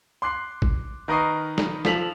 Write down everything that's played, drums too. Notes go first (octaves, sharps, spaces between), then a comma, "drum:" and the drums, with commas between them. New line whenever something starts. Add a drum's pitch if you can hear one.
C6 D6 F#6 C7
drum: kick G#1
D#3 A#4 B4 D#5 C#6 C7
drum: snare
F3 A4 B6 F7 F#7, drum: snare